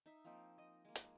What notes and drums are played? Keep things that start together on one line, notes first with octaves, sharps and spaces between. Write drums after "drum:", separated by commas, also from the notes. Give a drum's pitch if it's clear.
D#4 E5
F3 A#3 C4 D#4
D#5
G#3 A#3
drum: hi-hat